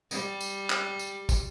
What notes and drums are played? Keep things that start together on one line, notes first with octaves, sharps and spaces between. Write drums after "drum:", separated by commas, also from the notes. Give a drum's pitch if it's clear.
G3, drum: tambourine
drum: tambourine
drum: clap
drum: tambourine
drum: kick, tambourine